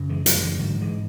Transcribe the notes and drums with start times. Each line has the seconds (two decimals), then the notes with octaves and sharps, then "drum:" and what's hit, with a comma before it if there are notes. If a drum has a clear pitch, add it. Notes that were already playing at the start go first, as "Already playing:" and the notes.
Already playing: F#2 C#3
0.09 E3 G#3
0.26 F#3 A3, drum: hi-hat
0.37 D3
0.42 E3
0.59 G#2 D3 F#3
0.81 E3 G#3